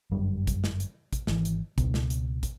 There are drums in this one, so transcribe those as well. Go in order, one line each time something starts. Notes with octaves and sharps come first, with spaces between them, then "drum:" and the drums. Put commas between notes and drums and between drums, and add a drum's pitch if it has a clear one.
G1 F#2 G3
drum: kick, hi-hat
drum: snare
drum: hi-hat
drum: kick, hi-hat
G#1 E3, drum: snare
drum: hi-hat
C#2 B2, drum: kick, hi-hat
drum: snare
drum: hi-hat
drum: kick, hi-hat